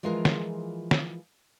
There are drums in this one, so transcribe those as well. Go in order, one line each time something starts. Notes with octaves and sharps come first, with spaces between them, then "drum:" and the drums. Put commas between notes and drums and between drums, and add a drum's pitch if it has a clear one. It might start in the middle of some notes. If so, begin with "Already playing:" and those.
E3 F3 G#3 F4 G#4 A#4
drum: snare
drum: snare